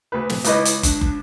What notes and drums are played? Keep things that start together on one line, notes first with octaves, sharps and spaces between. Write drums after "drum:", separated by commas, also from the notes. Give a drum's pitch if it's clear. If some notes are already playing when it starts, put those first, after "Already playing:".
D2 B4
drum: snare
C#2 E4 B4 D#5, drum: hi-hat
drum: hi-hat
D4, drum: kick, hi-hat
drum: kick